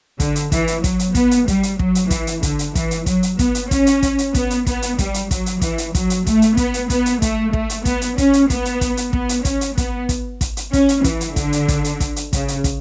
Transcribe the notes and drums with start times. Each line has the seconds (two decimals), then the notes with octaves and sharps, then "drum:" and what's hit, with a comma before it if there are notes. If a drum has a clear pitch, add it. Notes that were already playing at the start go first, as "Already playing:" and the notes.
0.20 D3, drum: kick, hi-hat
0.36 drum: hi-hat
0.52 E3, drum: kick, hi-hat
0.67 drum: hi-hat
0.84 F#3, drum: kick, hi-hat
0.99 drum: hi-hat
1.15 B3, drum: kick, hi-hat
1.31 drum: hi-hat
1.48 G3, drum: kick, hi-hat
1.63 drum: hi-hat
1.79 F#3, drum: kick
1.95 drum: hi-hat
2.10 E3, drum: kick, hi-hat
2.27 drum: hi-hat
2.43 D3, drum: kick, hi-hat
2.59 drum: hi-hat
2.75 E3, drum: kick, hi-hat
2.91 drum: hi-hat
3.06 F#3, drum: kick, hi-hat
3.23 drum: hi-hat
3.39 B3, drum: kick, hi-hat
3.55 drum: hi-hat
3.71 C#4, drum: kick, hi-hat
3.87 drum: hi-hat
4.03 drum: kick, hi-hat
4.18 drum: hi-hat
4.34 B3, drum: kick, hi-hat
4.50 drum: hi-hat
4.67 B3, drum: kick, hi-hat
4.82 drum: hi-hat
4.99 G3, drum: kick, hi-hat
5.14 drum: hi-hat
5.31 F#3, drum: kick, hi-hat
5.46 drum: hi-hat
5.61 E3, drum: kick, hi-hat
5.78 drum: hi-hat
5.95 F#3, drum: kick, hi-hat
6.10 drum: hi-hat
6.27 A3, drum: kick, hi-hat
6.42 drum: hi-hat
6.57 B3, drum: kick, hi-hat
6.74 drum: hi-hat
6.90 B3, drum: kick, hi-hat
7.06 drum: hi-hat
7.22 A3, drum: kick, hi-hat
7.53 A3, drum: kick
7.70 drum: hi-hat
7.85 B3, drum: kick, hi-hat
8.01 drum: hi-hat
8.18 C#4, drum: kick, hi-hat
8.33 drum: hi-hat
8.50 B3, drum: kick, hi-hat
8.65 drum: hi-hat
8.81 drum: kick, hi-hat
8.97 drum: hi-hat
9.13 B3, drum: kick
9.29 drum: hi-hat
9.45 C#4, drum: kick, hi-hat
9.61 drum: hi-hat
9.78 B3, drum: kick, hi-hat
10.09 drum: kick, hi-hat
10.41 drum: kick, hi-hat
10.57 drum: hi-hat
10.73 C#4, drum: kick, hi-hat
10.89 drum: hi-hat
11.04 E3, drum: kick, hi-hat
11.21 drum: hi-hat
11.36 D3, drum: kick, hi-hat
11.52 drum: hi-hat
11.68 drum: kick, hi-hat
11.84 drum: hi-hat
12.00 drum: kick, hi-hat
12.16 drum: hi-hat
12.33 C#3, drum: kick, hi-hat
12.48 drum: hi-hat
12.64 drum: kick, hi-hat